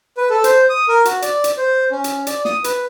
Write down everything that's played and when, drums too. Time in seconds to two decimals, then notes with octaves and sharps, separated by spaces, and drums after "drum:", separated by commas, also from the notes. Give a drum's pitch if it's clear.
0.17 B4
0.30 A4
0.44 C5, drum: hi-hat
0.70 D#6
0.88 A#4
1.05 F#4, drum: hi-hat
1.22 D5, drum: hi-hat
1.44 drum: hi-hat
1.57 C5
1.91 C#4
2.04 drum: hi-hat
2.27 D5, drum: hi-hat
2.45 D#6, drum: snare
2.64 B4, drum: hi-hat